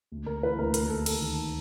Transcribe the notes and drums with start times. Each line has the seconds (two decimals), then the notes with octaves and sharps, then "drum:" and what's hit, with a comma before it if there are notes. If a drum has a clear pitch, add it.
0.12 D2
0.26 D2 A#4
0.43 E3 B4
0.58 D2 A#4
0.74 D#2 A#4, drum: hi-hat
0.90 D#2 A4
1.06 D#2 A4, drum: cymbal
1.21 D#3